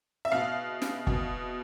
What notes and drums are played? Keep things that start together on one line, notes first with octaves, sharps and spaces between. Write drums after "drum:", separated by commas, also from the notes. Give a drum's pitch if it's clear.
E5
B2 F5
drum: snare
B2, drum: kick